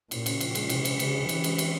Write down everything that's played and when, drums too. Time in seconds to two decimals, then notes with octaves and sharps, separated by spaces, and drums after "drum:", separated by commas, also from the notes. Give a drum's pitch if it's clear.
0.11 A#2 E4, drum: cymbal
0.26 C#3, drum: cymbal
0.41 F3, drum: cymbal
0.55 G#3, drum: cymbal
0.69 C3 E3, drum: cymbal
0.85 E3, drum: cymbal
0.99 C#3 G#3, drum: cymbal
1.15 C#4
1.29 E3 G4, drum: cymbal
1.44 G#3, drum: cymbal
1.58 C4, drum: cymbal